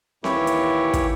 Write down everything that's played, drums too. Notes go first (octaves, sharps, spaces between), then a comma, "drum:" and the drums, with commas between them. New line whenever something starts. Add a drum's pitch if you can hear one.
D#2 E3 E4 G4 C#5, drum: snare C4
drum: hi-hat
drum: kick, hi-hat